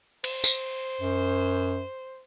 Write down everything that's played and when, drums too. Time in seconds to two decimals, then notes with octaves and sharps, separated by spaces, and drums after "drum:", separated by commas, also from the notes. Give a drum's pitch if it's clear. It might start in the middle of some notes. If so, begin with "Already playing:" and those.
0.24 C5, drum: cymbal
0.44 drum: tambourine
1.01 F#2